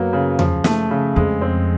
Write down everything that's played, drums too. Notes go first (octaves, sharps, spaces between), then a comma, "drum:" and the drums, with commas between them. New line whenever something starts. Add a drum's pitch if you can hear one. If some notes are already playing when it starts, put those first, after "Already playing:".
Already playing: F#2 F#3 A#3 B3
C#3
F3, drum: tom E2
A3, drum: snare
C#3
F2 G#3
C4